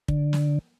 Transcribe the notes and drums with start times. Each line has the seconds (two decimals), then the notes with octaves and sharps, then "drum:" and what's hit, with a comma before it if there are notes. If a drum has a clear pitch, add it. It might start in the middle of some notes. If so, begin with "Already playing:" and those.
0.08 D3, drum: kick
0.33 drum: snare